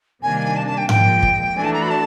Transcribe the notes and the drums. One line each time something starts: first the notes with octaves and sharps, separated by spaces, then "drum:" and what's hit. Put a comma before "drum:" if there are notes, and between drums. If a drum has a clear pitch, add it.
C3 D#3 G3 A#3 D4 G#5
A5
A5
G5
A#2 F3 G#3 G5, drum: tom G#2
drum: kick
E3 A3 D4 F#4 A4 G#5
A5
A#5
B5
A5